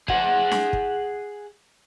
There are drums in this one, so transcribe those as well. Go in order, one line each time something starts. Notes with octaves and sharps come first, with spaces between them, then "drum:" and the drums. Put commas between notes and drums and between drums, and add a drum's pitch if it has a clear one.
G#4 F#5, drum: kick
drum: snare D4
drum: kick